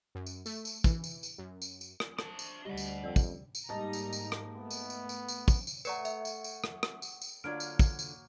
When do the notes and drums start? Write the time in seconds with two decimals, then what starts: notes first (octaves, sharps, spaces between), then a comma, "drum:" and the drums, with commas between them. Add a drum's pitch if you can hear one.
0.15 F#2
0.26 drum: tambourine
0.46 A3, drum: tambourine
0.65 drum: tambourine
0.84 E3, drum: kick, tambourine
1.04 drum: tambourine
1.23 drum: tambourine
1.38 F#2
1.62 drum: tambourine
1.81 drum: tambourine
2.00 drum: rim click
2.19 D4 C5 A5, drum: rim click
2.39 drum: tambourine
2.65 D2 G3 G4 D#5 F#5
2.77 drum: tambourine
3.03 F2 D5 G5 E6
3.16 drum: kick, tambourine
3.55 drum: tambourine
3.69 G#2 G3 A#3 D#4 D#5 A5 A#5
3.93 drum: tambourine
4.13 drum: tambourine
4.32 drum: rim click
4.56 A3 B3
4.71 drum: tambourine
4.90 drum: tambourine
5.09 drum: tambourine
5.28 drum: tambourine
5.48 drum: kick, tambourine
5.67 drum: tambourine
5.85 A2 B4 D5 F#5 A#5 C#6 C#7, drum: tambourine
6.05 E5, drum: tambourine
6.25 drum: tambourine
6.44 drum: tambourine
6.64 drum: rim click
6.83 drum: rim click
7.02 drum: tambourine
7.22 drum: tambourine
7.44 D3 F#3 A#3 D4 F4 F6 G#6 D7
7.60 drum: tambourine
7.79 drum: kick, tambourine
7.99 drum: tambourine